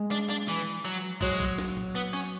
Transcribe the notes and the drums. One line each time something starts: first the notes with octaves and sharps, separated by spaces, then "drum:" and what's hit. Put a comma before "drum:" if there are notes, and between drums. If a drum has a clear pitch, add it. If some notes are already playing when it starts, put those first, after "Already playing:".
Already playing: G#3
D4
D4
E3
F#3
F#3 G#3, drum: kick
drum: kick
drum: snare
drum: tom
B3
C#4